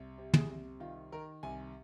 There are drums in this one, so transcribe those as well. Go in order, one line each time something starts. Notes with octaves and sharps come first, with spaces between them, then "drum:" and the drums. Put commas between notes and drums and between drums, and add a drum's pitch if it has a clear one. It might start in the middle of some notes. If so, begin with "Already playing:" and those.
Already playing: C2
C3
G#4, drum: tom
C2
D#3 F4
D#3 A#4
C2 G#5